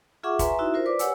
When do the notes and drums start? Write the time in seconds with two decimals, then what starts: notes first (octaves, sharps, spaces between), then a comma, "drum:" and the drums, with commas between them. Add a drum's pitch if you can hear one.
0.23 F4 G#4 E5 F#5 C#6 D6
0.39 B4 E5 G#5 A#5 C6, drum: kick, hi-hat
0.59 D#4 E4 F#4 E5
0.74 F4 A#4 C5
0.86 B4 D5 D6
0.99 G4 C#5 F#5 G#5 E6, drum: hi-hat